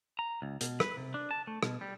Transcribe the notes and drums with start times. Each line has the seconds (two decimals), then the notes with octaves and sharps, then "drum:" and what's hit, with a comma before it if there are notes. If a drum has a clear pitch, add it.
0.19 A#5
0.42 C#2
0.61 B2, drum: hi-hat
0.80 B4, drum: rim click
0.97 C3
1.14 D4
1.31 A5
1.47 A3
1.63 B2, drum: rim click
1.81 G3